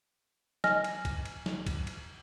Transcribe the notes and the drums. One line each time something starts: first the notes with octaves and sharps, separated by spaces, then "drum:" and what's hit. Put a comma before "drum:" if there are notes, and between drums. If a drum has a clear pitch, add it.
D#5 G#5 F6 A#6, drum: snare
drum: cymbal
drum: kick C2, cymbal
drum: cymbal
drum: snare
drum: kick C2, cymbal
drum: cymbal